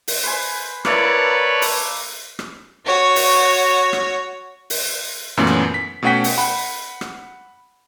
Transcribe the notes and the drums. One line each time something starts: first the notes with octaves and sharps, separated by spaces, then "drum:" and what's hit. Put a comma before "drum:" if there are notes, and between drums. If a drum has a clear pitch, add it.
drum: open hi-hat
B4 C5 G#5
A#3 E4 A4 B4 C#5 D5, drum: rim click
drum: open hi-hat
drum: rim click
F#4 C#5
drum: open hi-hat
drum: rim click
drum: open hi-hat
F#2 A#2 E3 A3 B3 C#4
drum: rim click
B6
B2 A3 C#4 F#5 G5 B6
drum: open hi-hat
F#5 B5
drum: rim click